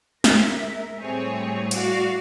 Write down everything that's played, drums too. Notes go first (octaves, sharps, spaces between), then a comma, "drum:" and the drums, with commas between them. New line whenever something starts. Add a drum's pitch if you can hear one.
G#3 A#4 E5, drum: snare
A2 G3 A3 C4 G#4 C#5
F#4 D5 F5, drum: hi-hat